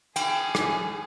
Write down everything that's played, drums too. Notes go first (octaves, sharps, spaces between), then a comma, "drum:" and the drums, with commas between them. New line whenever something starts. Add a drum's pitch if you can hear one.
G#4 G5, drum: cymbal
drum: rim click